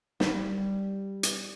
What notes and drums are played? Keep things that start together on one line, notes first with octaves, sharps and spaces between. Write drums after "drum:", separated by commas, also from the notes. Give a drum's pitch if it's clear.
G3, drum: snare
drum: hi-hat